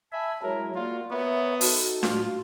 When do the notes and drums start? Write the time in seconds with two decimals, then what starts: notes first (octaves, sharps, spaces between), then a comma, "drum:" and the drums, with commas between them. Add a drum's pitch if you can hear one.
0.12 E5 G#5 A5 B5
0.43 F#3 G#3 E4 A#4 C#5
0.76 A#3 F4 F#4 D5
1.11 B3 A#4 C#5 E5
1.61 D#4 F#4 A4, drum: open hi-hat
2.03 A2 F4, drum: snare D4